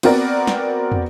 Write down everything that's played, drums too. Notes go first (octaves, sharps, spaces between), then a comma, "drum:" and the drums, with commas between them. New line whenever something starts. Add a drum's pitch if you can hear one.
B3 C4 F#4 A#4 D5, drum: cymbal
drum: snare
drum: tom